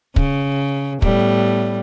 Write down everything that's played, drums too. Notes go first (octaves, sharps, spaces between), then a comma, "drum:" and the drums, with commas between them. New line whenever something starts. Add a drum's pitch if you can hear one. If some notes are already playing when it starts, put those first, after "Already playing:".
C#3, drum: kick
A2 G3 B3, drum: kick